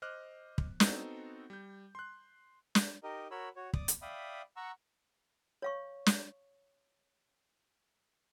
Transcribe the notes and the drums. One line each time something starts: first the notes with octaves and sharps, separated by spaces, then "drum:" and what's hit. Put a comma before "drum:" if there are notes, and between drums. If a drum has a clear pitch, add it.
C5 D#5 D6 F6 F#6
drum: kick
B3 C4 D#4 F#4 A4, drum: snare
G3 G6
C6 F#6
drum: snare
D#4 G4 A#4 D#5
F#4 A#4 C#5 B5 E6
F#4 C#5
D5 D6 D#6, drum: kick
drum: hi-hat
D5 E5 F5 G5 B5 D#6
F#5 A#5 C#6 E6
C#5 F5 C#6
drum: snare